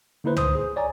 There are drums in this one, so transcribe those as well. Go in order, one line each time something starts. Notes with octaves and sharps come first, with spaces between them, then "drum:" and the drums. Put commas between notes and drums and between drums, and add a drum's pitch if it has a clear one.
D3 A#3 D#4 E4 B4 C5
C5 D#6, drum: tom
G#4
C#5 D5 G#5 A#5